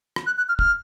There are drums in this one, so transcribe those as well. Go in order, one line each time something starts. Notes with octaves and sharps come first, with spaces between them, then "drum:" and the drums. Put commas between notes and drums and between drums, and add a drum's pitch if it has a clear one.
drum: rim click
F#6
F#6
F6
F6, drum: kick